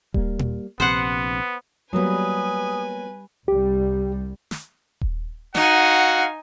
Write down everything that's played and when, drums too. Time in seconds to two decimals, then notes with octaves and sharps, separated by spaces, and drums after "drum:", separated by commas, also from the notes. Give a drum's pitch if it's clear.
0.14 G3 A#3, drum: kick D#1
0.39 drum: tom A#2
0.80 A#1 C3 B3 C5 F#5
1.93 F#3 G3 A#3 B3 B4 G#5 D#6
3.48 C2 G3 G4
4.51 drum: snare
5.01 drum: kick D#1
5.55 D#4 F#4 F5 F#5 G#5, drum: snare